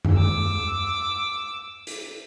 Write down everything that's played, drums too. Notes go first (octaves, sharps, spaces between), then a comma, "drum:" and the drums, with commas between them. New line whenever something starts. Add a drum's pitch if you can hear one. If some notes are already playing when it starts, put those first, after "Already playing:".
drum: tom F#2
D6 E6
drum: hi-hat